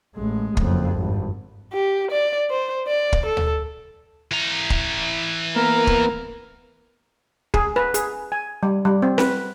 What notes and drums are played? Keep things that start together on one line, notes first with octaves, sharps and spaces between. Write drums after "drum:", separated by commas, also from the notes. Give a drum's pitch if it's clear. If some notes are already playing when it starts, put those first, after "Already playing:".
A1 G#3
F#1 F2, drum: kick
G#1 G2
G4
D5
C5
D5
drum: kick
A4
drum: tom
E3 A#5
drum: kick
A#3 B3 A#4
drum: kick
G#4, drum: kick
B4
G#4, drum: hi-hat
G#5
G3
G3
C4
B4, drum: snare C4